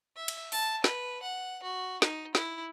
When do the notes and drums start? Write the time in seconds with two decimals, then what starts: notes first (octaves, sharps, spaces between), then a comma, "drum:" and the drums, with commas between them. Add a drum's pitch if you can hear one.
0.17 E5
0.28 drum: cymbal
0.52 A5, drum: open hi-hat
0.84 B4, drum: snare
1.22 F#5
1.63 F#4
2.02 D#4, drum: snare
2.35 E4, drum: snare